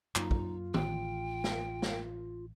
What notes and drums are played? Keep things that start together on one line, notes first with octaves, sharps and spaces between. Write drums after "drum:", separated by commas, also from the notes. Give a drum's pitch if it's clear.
F#2 F#3 A#3 D#4 F4, drum: clap
drum: kick
A1 G5, drum: tom D#3
drum: snare
drum: snare